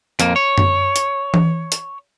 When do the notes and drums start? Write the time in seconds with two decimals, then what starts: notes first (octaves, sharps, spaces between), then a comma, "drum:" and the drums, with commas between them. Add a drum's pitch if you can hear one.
0.20 F2 A#3, drum: hi-hat
0.36 C#5
0.58 drum: tom F#2
0.96 drum: hi-hat
1.34 drum: tom E3
1.72 drum: hi-hat